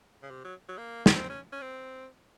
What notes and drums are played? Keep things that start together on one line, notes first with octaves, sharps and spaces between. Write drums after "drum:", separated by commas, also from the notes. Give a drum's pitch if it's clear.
C#3
C3
F#3
F#3
A#3
drum: snare
C4
C#4
C#4
C4